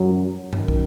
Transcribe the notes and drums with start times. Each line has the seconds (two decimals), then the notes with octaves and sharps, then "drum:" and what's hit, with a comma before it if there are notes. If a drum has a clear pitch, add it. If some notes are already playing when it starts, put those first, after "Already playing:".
Already playing: F#2 F#3
0.53 F#2 D#3 F#3, drum: tom G2
0.68 drum: kick